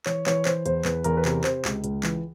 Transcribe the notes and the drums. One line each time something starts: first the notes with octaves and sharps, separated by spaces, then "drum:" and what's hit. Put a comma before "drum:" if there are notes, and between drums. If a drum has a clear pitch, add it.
E3 C#5, drum: clap
E3 C#5, drum: clap
E3 C5, drum: clap
E2 C5, drum: hi-hat
E2 B4, drum: clap
E2 A#4, drum: hi-hat
B4
C3 A#4, drum: clap
C3 C5, drum: clap
C#2, drum: clap
C#2, drum: hi-hat
E3, drum: clap